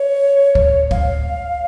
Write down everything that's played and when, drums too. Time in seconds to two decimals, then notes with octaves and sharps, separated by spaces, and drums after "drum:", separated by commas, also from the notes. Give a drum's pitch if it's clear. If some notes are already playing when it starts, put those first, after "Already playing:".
Already playing: C#5
0.55 drum: kick
0.91 F5, drum: kick